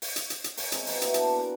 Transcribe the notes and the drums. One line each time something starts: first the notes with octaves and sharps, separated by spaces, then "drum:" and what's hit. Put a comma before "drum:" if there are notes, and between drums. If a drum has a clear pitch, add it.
drum: open hi-hat
drum: hi-hat
drum: hi-hat
drum: hi-hat
A#4 C#5 G#5, drum: open hi-hat
G#3 C4 G#4 A#4, drum: hi-hat
F#4 A#4 B4 G5, drum: open hi-hat
A#3 B3 E4 F#4, drum: hi-hat
D4 A5, drum: hi-hat
A#4 B4 F#5 G#5